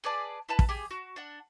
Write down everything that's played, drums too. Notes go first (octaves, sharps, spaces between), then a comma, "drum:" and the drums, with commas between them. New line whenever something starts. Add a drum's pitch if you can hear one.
G#4 B4 D5 A5
E4 B4 A5
drum: kick
G4 G#4
F#4
D4 F#5